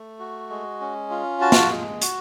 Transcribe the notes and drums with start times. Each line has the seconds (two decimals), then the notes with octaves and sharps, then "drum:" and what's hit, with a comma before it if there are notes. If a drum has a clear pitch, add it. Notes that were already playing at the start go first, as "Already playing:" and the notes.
Already playing: A3
0.19 F#4
0.50 G#3
0.81 C#4
1.10 F4
1.41 F#4 A5
1.52 drum: snare
1.71 G#3
2.02 F#4, drum: hi-hat